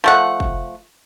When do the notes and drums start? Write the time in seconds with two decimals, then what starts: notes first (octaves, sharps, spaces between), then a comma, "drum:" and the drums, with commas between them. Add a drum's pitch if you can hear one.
0.04 F3 A3 F#5
0.40 drum: kick